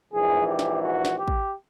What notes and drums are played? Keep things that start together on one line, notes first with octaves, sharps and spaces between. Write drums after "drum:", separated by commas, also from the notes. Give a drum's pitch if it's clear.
A#1 G#2 E3 G#4
G4
drum: snare
F#4
drum: snare
G4
drum: kick